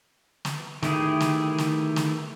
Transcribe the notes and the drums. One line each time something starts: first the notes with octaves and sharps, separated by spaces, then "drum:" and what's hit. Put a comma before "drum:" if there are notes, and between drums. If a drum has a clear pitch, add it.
drum: snare
D#3 A3 E4 G4 G#4, drum: snare
drum: snare
drum: snare
drum: snare